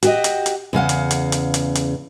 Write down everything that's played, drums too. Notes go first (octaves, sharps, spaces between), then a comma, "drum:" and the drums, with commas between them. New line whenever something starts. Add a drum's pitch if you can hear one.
F#4 G4 D#5, drum: hi-hat
drum: hi-hat
drum: hi-hat
E2 C#3 F5 F#5
drum: hi-hat
drum: hi-hat
drum: hi-hat
drum: hi-hat
drum: hi-hat